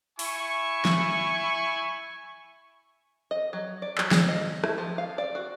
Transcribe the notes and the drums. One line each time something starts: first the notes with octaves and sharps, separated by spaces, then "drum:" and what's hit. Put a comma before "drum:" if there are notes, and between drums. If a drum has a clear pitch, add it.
E4 G#5 C#6, drum: open hi-hat
drum: snare
D#5
F#3
D5
F#3, drum: clap
G#4, drum: snare
D#5
E4, drum: rim click
F3
F5
D5
F#4